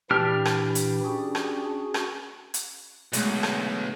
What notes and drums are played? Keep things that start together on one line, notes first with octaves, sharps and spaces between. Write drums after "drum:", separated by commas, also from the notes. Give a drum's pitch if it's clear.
A#2 E3 D4 E4 G4 F6
drum: rim click
drum: hi-hat
C#4 F#4 G#4
drum: rim click
drum: rim click
drum: hi-hat
B1 D3 G#3 A3, drum: hi-hat
drum: rim click